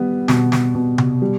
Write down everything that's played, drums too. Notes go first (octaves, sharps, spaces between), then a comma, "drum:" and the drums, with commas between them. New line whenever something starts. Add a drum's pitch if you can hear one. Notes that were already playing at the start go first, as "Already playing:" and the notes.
Already playing: G3 B3
B2, drum: snare
drum: snare
B2
drum: tom C3
G3